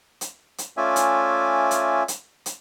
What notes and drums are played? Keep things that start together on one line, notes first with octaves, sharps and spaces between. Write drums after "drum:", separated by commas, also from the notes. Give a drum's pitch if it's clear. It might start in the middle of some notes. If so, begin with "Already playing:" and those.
drum: hi-hat
drum: hi-hat
A3 C#4 F4 D5 E5 G#5
drum: hi-hat
drum: hi-hat
drum: hi-hat
drum: hi-hat